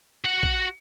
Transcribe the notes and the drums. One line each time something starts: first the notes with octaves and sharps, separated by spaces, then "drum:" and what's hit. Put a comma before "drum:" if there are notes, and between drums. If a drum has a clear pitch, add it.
F#4 F#5
drum: kick